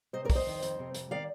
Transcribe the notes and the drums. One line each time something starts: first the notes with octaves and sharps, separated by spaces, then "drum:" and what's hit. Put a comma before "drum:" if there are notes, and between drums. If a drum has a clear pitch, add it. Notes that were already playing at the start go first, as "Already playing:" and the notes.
C3 C5 D#5
A#4 D5
F2, drum: kick, open hi-hat
C5 D#5
D#3
F2, drum: hi-hat
C3
F2, drum: hi-hat
D#3 D5 F5